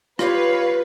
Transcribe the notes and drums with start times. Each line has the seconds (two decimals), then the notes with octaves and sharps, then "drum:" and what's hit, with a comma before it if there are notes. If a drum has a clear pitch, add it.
0.19 F4 G4 B4 C#5 F5, drum: rim click